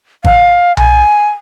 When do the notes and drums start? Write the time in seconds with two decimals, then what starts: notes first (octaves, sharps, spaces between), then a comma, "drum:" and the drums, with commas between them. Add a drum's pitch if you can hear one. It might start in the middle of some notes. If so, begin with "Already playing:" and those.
0.25 F5, drum: kick G#1
0.77 G#5, drum: tom B1